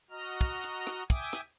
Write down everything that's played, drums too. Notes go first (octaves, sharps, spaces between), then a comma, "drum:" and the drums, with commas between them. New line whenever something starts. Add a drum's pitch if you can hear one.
F#4 D#5 A#5 F6
drum: kick
drum: hi-hat
drum: rim click
E5 G5 G#5 D6 D#6, drum: kick, hi-hat
drum: rim click